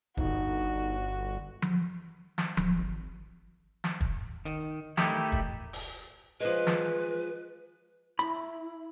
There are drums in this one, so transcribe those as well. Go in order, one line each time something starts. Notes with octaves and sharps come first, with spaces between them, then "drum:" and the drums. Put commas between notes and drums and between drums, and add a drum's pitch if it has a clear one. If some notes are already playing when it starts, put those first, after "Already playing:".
G1 D#4 F#4, drum: kick
drum: tom F3
drum: snare
D1, drum: tom F3
G#1
drum: snare
drum: kick
D#3, drum: hi-hat
D#3 A3 D#4 E4 G4, drum: snare
drum: kick
drum: open hi-hat
F3 G#3 B4
drum: snare
E4 B5, drum: hi-hat